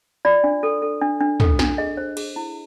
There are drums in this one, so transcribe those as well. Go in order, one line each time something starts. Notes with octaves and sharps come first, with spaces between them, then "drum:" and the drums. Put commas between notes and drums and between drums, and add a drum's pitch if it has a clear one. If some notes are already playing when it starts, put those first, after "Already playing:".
F4 D5
D4
A4
A4
D4
D4
A4, drum: tom
D4, drum: snare
G#4 D#5
C5
G#4, drum: cymbal
E4